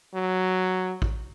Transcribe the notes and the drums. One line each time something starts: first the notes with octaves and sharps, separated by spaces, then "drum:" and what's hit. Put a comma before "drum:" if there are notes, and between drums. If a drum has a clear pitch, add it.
F#3
drum: kick